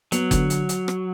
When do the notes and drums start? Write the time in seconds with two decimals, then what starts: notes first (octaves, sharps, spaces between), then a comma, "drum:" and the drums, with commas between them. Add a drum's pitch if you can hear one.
0.12 F#3 B3, drum: hi-hat
0.31 D3, drum: kick F#1, hi-hat
0.50 drum: hi-hat
0.69 drum: hi-hat
0.88 drum: rim click